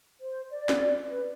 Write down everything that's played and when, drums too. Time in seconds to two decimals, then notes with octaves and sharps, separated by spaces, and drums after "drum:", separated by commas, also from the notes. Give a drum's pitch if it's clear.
0.21 C5
0.50 D5
0.69 drum: snare
1.09 B4